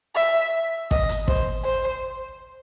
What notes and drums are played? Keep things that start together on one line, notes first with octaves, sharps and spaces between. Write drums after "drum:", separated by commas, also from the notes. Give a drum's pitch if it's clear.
E5
D#5, drum: kick
drum: hi-hat
C5, drum: kick
C5